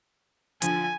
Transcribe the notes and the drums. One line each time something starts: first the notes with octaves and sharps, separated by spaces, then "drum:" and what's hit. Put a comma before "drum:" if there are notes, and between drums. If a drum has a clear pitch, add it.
D3 F3 G#5, drum: hi-hat